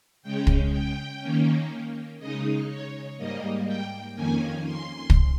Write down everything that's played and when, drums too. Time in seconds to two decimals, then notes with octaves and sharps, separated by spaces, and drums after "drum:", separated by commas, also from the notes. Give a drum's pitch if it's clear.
0.23 C#3 G#3 C#4 G5
0.47 drum: kick
0.72 G5
1.21 D#3 A#3 C#4
2.19 C#3 G#3 D#4 D#5
2.69 C#5
3.17 G#2 G3 A#3 D#5
3.67 G5
4.16 F2 D#3 A#3 C#4 G#5
4.65 C6
5.10 drum: kick